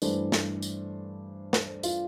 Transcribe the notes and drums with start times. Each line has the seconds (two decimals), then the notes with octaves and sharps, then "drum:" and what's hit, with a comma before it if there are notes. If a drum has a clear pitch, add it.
0.02 G2 E3 A3 D4 C5, drum: tambourine
0.32 drum: snare
0.62 drum: tambourine
1.53 drum: snare
1.83 F4, drum: tambourine